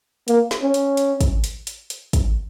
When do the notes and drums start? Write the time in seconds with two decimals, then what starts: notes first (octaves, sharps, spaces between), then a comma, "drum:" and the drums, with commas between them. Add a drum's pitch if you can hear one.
0.28 A#3, drum: hi-hat
0.51 drum: snare
0.62 C#4
0.74 drum: hi-hat
0.97 drum: hi-hat
1.21 drum: kick, hi-hat
1.44 drum: hi-hat
1.67 drum: hi-hat
1.90 drum: hi-hat
2.13 drum: kick, hi-hat